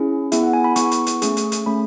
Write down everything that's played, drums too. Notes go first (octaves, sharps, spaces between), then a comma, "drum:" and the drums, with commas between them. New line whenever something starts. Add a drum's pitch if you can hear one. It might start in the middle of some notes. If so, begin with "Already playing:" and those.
Already playing: C#4 E4 G#4
B3 E4 G#4 E5, drum: hi-hat
F#5
G#5
B5
B3 E4 G#4 C#6, drum: hi-hat
drum: hi-hat
drum: hi-hat
A3 C#4 G#4, drum: hi-hat
drum: hi-hat
drum: hi-hat
A3 C#4 G#4 B5